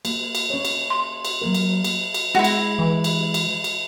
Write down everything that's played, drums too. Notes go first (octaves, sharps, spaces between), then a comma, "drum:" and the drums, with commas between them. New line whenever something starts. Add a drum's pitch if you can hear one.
A#3, drum: cymbal
drum: cymbal
C#4 C#5
drum: cymbal
C6
drum: cymbal
F#3 A#3 A#4
drum: cymbal
drum: cymbal
drum: cymbal
G#3 E4 F#4
drum: cymbal
E3
drum: cymbal
drum: cymbal
drum: cymbal